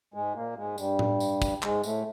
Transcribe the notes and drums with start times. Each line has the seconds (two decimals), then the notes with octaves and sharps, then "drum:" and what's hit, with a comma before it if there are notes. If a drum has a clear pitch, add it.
0.14 G#2 G#3
0.35 A#2 A#3
0.56 G#2 G#3
0.78 G2 G3, drum: tambourine
0.99 drum: tom A2
1.20 drum: tambourine
1.42 drum: kick, tambourine
1.63 G#2 G#3, drum: clap
1.84 A2 A3, drum: tambourine